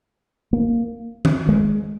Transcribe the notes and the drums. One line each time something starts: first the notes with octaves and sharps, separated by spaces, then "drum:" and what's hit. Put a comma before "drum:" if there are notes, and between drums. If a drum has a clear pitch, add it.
A#3
drum: tom D#3
G#3